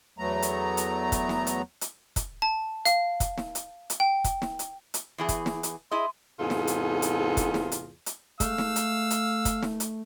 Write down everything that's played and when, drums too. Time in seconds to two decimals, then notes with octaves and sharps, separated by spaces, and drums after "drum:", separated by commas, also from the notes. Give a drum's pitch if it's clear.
0.18 E2 F#3 A3 B3 A#5
0.42 drum: hi-hat
0.77 drum: hi-hat
1.12 drum: kick, hi-hat
1.29 drum: snare
1.47 drum: hi-hat
1.81 drum: hi-hat
2.16 drum: kick, hi-hat
2.42 A5
2.85 F5, drum: hi-hat
3.20 drum: kick, hi-hat
3.38 drum: snare
3.55 drum: hi-hat
3.90 drum: hi-hat
4.00 G5
4.24 drum: kick, hi-hat
4.42 drum: snare
4.59 drum: hi-hat
4.94 drum: hi-hat
5.18 E2 E3 G#4
5.29 drum: kick, hi-hat
5.46 drum: snare
5.63 drum: hi-hat
5.91 E4 G#4 D#5 C6
6.40 E2 G#2 C3 F4 G#4 A4
6.50 drum: snare
6.67 drum: hi-hat
7.02 drum: hi-hat
7.37 drum: kick, hi-hat
7.54 drum: snare
7.72 drum: hi-hat
8.06 drum: hi-hat
8.40 A3 F5 E6, drum: kick, hi-hat
8.58 drum: snare
8.76 drum: hi-hat
9.10 drum: hi-hat
9.45 drum: kick, hi-hat
9.63 drum: snare
9.80 drum: hi-hat